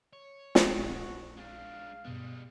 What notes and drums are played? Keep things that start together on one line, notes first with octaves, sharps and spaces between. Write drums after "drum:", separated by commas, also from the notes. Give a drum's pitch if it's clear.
C#5
drum: snare
A#1 F#4
G#3 D4 F5
G2 B2 G3 G#3 B3